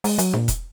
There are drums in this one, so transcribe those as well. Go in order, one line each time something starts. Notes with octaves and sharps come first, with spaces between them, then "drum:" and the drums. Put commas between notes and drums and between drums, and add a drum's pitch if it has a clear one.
G#3, drum: open hi-hat
F#3, drum: hi-hat
A#2, drum: snare D4
drum: kick E1, hi-hat